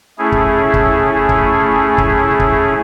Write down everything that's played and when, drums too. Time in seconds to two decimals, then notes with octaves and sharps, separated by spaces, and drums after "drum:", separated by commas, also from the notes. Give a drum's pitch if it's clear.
0.18 A3 C#4 E4 G#4
0.32 drum: kick
0.74 drum: kick
1.29 drum: kick
1.98 drum: kick
2.40 drum: kick